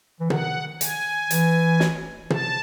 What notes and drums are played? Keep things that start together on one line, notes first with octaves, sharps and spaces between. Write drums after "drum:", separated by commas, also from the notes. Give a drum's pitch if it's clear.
E3
D#3 F#5, drum: tom
G#5, drum: hi-hat
E3, drum: hi-hat
drum: snare
A5, drum: tom